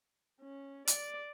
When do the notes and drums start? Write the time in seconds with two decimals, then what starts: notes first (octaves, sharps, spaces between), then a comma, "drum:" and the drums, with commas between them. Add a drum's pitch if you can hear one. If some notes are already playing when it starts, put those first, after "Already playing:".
0.41 C#4
0.88 D5, drum: hi-hat